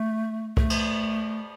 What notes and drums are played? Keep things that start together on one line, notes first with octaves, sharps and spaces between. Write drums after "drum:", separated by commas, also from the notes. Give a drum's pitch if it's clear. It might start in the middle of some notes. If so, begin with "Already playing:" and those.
Already playing: A3
A3, drum: kick
drum: cymbal